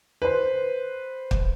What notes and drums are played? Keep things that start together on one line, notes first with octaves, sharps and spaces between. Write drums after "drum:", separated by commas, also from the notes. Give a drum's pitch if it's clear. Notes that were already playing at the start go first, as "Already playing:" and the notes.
B4 C5
drum: kick